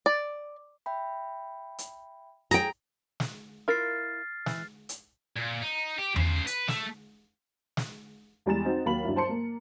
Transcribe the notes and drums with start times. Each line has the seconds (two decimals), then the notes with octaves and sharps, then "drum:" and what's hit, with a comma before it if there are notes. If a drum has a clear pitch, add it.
0.06 D5
0.86 E5 G5 B5
1.79 drum: hi-hat
2.51 G#4 G5 A#5, drum: hi-hat
3.20 drum: snare
3.68 E4 F4 A#4 F6 A6 C7
4.46 E3, drum: snare
4.89 drum: hi-hat
5.36 A#2
5.62 D#4
5.99 G4
6.16 C#3 C5, drum: tom E2
6.47 B4, drum: hi-hat
6.68 A3, drum: snare
7.77 drum: snare
8.46 E2 G3 G#3 A#5 A6 E7
8.65 C4 D#4 F#4
8.86 D#2 F#3 F5 B5 F#7
9.04 G2 F#3 E4
9.16 C5 A5 C6 C#7
9.29 A#3